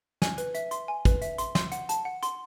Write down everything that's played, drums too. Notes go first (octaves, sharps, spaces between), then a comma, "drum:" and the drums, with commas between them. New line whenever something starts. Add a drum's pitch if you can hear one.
G#5, drum: snare
B4, drum: hi-hat
E5, drum: hi-hat
C6, drum: hi-hat
G#5
B4, drum: kick, hi-hat
E5, drum: hi-hat
C6, drum: hi-hat
C6, drum: snare
F#5, drum: hi-hat
A5, drum: hi-hat
F#5
C6, drum: hi-hat